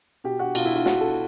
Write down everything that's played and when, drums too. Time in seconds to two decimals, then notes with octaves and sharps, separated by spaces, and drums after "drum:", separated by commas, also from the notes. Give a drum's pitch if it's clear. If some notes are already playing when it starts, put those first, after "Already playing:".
0.24 B2 G4
0.39 F#4
0.55 B2 F4, drum: cymbal
0.66 E4
0.75 F4
0.86 B2 F#4, drum: snare
1.01 A4